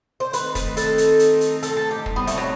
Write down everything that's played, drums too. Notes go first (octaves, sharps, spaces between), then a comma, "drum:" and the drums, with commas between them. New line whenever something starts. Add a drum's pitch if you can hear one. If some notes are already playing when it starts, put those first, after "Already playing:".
C5
D#3 A3 C4 D#4 B4, drum: hi-hat
B4, drum: kick, hi-hat
A4, drum: hi-hat
drum: hi-hat
drum: hi-hat
drum: hi-hat
A4, drum: hi-hat
A4
G4
A2 G3 C4 D#4, drum: kick
B3
A3, drum: hi-hat
F#3